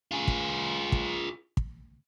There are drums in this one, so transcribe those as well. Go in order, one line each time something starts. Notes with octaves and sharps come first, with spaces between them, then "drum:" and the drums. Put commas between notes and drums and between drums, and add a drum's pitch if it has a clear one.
F4 G#4
drum: kick
drum: kick
drum: kick